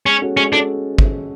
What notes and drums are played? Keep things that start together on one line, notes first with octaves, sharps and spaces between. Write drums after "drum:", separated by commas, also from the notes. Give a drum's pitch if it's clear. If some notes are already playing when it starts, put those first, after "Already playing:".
G#3 C#4
C#4 F#4 A4
G#3 C#4
C#4 D4 F#4 A4
drum: kick